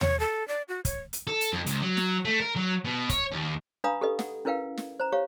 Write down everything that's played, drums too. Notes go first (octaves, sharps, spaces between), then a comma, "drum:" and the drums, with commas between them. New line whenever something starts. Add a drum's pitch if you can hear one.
C#5, drum: tom D#2
A4
D5
F#4
C#5, drum: kick, hi-hat
drum: hi-hat
A4
drum: hi-hat
F2
C#2, drum: hi-hat
F#3
drum: snare
A3
A#4
F#3
B2
C#5, drum: kick, hi-hat
D#2
D4 B4 F5 A#5 B5 D#6
G4 A4 B4 D#5
F#5, drum: snare
C#4 E4 A#4 B4 F5 G5
drum: snare
C5 A#5
G4 C#5 F5